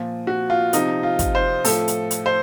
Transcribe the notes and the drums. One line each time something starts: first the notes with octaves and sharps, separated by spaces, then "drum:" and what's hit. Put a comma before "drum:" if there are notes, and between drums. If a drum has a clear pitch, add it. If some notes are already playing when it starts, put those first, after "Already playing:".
Already playing: A#2 F3
F#4
F4
C3 F3 D#4, drum: hi-hat
F4
drum: kick, hi-hat
C5
A2 F3 A4, drum: open hi-hat
drum: hi-hat
drum: hi-hat
C5